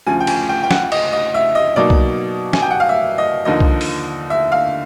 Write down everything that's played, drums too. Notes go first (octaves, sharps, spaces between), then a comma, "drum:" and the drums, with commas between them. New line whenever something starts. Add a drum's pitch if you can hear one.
D2 C#3 F3 G#5
G5
G#5, drum: cymbal
G5
G5
F#5, drum: snare
D#5, drum: cymbal
D#5
E5
D#5
B2 F#3 A#3 D#4 D5
drum: kick B1
G#5, drum: snare
G5
F#5
F5
E5
D#5
D#2 D3 F3 A#3 D#4 D#5
drum: kick B1
drum: open hi-hat
E5
F5